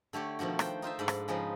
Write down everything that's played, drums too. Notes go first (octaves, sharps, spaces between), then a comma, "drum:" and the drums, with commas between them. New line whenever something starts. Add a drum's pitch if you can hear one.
D3 A3 G4 C#5 D5
B2 D#3 F3 D4 F#4
C5 G5, drum: rim click
D#4 F4 C5 E5
G#2 D4 B4
drum: rim click
C#3 F3 G#3 D#4 B4